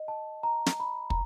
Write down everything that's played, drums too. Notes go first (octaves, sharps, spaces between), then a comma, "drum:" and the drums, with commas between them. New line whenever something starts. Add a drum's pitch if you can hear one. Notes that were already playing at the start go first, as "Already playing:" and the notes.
Already playing: D#5
A5
A#5
drum: snare
B5
A#5, drum: kick